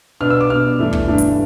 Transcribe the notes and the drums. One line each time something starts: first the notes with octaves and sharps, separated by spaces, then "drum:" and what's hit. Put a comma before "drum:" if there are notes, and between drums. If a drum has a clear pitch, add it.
B2 B3 D4 F6
E6
D6
B2 B3 D4 F6
G2 E3 A3 D4
drum: kick
G2 E3 A3 D4
drum: hi-hat